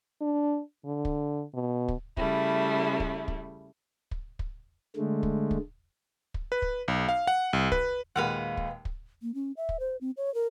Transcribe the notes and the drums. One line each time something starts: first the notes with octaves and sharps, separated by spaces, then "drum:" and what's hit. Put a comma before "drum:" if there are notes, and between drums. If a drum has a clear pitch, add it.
D4
D3
drum: kick
B2
drum: kick
C#3 G3 A3 E4, drum: kick
drum: kick
drum: kick
drum: kick
drum: kick
D3 G#3 A3
drum: kick
drum: kick
drum: kick
B4
drum: kick
B1
F5
F#5
C2
B4, drum: kick
D#2 A#2 G#3 B4 F5 F#5
drum: kick
drum: kick
A#3
C#4
E5
drum: kick
C5
C4
C#5
A#4